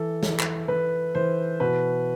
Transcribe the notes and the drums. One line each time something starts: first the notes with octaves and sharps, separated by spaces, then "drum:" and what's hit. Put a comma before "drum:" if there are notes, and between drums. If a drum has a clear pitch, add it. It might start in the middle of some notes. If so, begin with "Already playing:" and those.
Already playing: E3 A4
E3, drum: snare
drum: clap
E3 B4
E3 C5
B2 B4